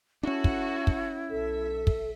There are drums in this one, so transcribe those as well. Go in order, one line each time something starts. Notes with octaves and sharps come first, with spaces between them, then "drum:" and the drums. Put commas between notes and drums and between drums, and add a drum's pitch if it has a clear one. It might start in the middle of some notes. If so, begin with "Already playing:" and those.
C#4 D4 E4 F#4 A4
drum: kick
drum: kick
B1 A4 E5
drum: kick